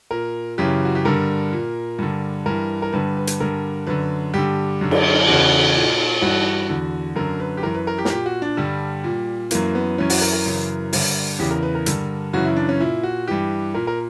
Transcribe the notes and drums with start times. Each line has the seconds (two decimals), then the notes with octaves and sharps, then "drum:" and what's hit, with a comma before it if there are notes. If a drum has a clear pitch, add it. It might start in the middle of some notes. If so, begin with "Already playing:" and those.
0.11 A#2 A#4
0.58 F#2 C#3 E3 G4
0.85 F#4
0.95 G4
1.05 G2 D3 A#4
1.52 A#2
1.99 G2 D3
2.46 G2 E3 A#4
2.82 A#4
2.93 G2 D3 B4
3.17 B4
3.27 drum: hi-hat
3.40 G2 D3 A#4
3.87 F#2 D3 B4
4.34 G2 D3 G4
4.81 F#2 D3
4.91 drum: cymbal
5.28 E2 C#3 E3 F#4
5.75 A#2
6.22 G2 E3 F#4
6.69 E2 D3
7.16 F#2 D3 A#4
7.40 B4
7.57 G4
7.63 F#2 E3 A#4
7.74 B4
7.87 A#4
7.98 G4
8.05 A#4, drum: snare
8.10 A#2 G4
8.26 F#4
8.42 D4
8.57 G2 D3 G3
9.04 A#2
9.51 F#2 E3 A#3, drum: hi-hat
9.75 B3
9.98 F#2 E3 C#4
10.10 F#4, drum: open hi-hat
10.21 A#4
10.33 A#4
10.46 F#2 C#3 E3
10.93 G2 D3, drum: open hi-hat
11.39 E2 C#3 E3 G4
11.51 A#4
11.63 B4
11.75 A#4
11.86 G2 D3, drum: hi-hat
12.33 F#2 C#3 E3 F#4
12.45 E4
12.57 D4
12.69 C#4
12.80 A#2 E4
13.03 F#4
13.28 G2 E3 G4
13.74 A#2 A#4
13.87 A#4